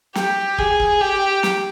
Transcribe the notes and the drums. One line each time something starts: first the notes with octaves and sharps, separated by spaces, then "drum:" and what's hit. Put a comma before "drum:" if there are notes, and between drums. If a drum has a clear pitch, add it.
G4, drum: snare
G#4, drum: kick
drum: kick
G4
drum: snare